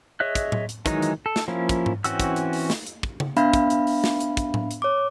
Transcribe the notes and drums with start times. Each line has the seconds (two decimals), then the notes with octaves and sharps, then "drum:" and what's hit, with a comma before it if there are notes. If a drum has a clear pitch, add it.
0.20 G#4 C#5 D#5 E5 F#6
0.35 drum: kick, hi-hat
0.52 drum: tom A2
0.69 drum: hi-hat
0.86 D#3 E3 F#3 G#3 D#4, drum: kick, hi-hat
1.02 drum: hi-hat
1.26 A4
1.36 drum: snare
1.48 F3 A#3 C#4 E4
1.69 drum: kick, hi-hat
1.86 drum: tom G#2
2.04 E3 C4 C#4 F#4 E6, drum: hi-hat
2.20 drum: kick, hi-hat
2.36 drum: hi-hat
2.53 drum: open hi-hat
2.70 drum: snare
2.87 drum: hi-hat
3.03 drum: kick
3.20 drum: tom C#3
3.37 B3 D4 E5 F5 B5, drum: hi-hat
3.53 drum: kick, hi-hat
3.70 drum: hi-hat
3.87 drum: open hi-hat
4.04 drum: snare
4.20 drum: hi-hat
4.37 drum: kick, hi-hat
4.54 drum: tom A2
4.71 drum: hi-hat
4.82 C#5 D6